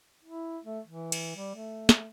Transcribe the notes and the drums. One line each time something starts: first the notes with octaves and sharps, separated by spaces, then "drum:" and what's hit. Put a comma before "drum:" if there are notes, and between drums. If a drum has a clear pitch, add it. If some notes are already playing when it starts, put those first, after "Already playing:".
E4
A3
E3
drum: cymbal
G3
A3
drum: snare